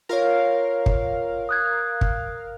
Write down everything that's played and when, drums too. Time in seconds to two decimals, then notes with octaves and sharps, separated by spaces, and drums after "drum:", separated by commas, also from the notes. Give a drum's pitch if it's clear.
0.09 F4 A#4 C#5 F5
0.86 drum: kick
1.49 D#6 F#6 G#6
2.01 drum: kick